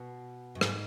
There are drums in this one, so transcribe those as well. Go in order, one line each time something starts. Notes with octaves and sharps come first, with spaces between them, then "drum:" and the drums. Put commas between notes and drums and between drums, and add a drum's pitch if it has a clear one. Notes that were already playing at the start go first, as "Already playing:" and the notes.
Already playing: B2
F#2
G#2, drum: rim click